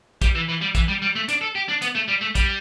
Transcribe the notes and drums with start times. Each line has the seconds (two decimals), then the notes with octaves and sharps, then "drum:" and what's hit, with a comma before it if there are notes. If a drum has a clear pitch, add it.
0.22 G3, drum: kick, hi-hat
0.35 E3
0.48 E3
0.61 G3
0.75 E3, drum: kick, hi-hat
0.88 G3
1.02 G3
1.15 A3
1.29 D4, drum: hi-hat
1.41 A4
1.55 G4
1.69 D4
1.82 B3, drum: hi-hat
1.95 A3
2.09 G3
2.22 A3
2.35 G3, drum: kick, hi-hat